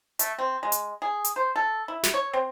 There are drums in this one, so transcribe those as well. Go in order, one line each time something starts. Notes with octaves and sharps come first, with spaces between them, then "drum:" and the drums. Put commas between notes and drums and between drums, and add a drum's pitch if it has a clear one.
A3, drum: hi-hat
C4
G#3
drum: hi-hat
G#4
drum: hi-hat
C5
A4
E4
drum: snare
C#5
C4